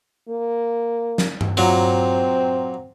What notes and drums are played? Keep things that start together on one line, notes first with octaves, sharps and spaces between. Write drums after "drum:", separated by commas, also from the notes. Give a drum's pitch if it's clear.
A#3
drum: snare
drum: tom G2
A#2 F#3 C4